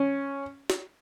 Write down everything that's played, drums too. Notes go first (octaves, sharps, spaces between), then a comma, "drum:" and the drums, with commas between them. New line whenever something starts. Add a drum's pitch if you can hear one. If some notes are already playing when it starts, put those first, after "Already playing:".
Already playing: C#4
drum: snare